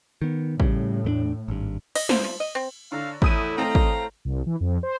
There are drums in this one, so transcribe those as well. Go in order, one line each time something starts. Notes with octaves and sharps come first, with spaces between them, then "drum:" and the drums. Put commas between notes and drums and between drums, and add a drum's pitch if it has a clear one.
D#3 B3
A2 C#3 G3, drum: kick
E2 A3 D4
G#1 G2
D#5, drum: cymbal
C5, drum: snare
F3
D#5
C4
D3 C#5 D5 F5 A#5
E2 A2 E4 D#6 D#7, drum: kick
A3 C4 D#5 F5 A#5
drum: kick
C2
E3
F2
C5